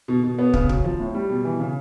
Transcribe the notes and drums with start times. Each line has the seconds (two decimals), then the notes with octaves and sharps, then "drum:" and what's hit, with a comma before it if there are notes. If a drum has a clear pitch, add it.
0.08 B2
0.23 B2
0.39 B3
0.53 C#3, drum: kick
0.69 F#3, drum: kick
0.84 F3
1.00 A2
1.14 G3
1.30 B2
1.44 E3
1.60 C#3